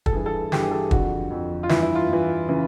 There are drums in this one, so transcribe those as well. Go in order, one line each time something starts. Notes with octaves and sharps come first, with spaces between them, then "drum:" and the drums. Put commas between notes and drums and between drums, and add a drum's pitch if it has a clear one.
A4, drum: kick
G2 E3 G#4
A4
G2 E3 G4, drum: snare
G#4
A4
F2 D3 F#4, drum: kick
F2 D3
F4
G2 E3 E4, drum: snare
E4
F4
G2 E3
C#3 E3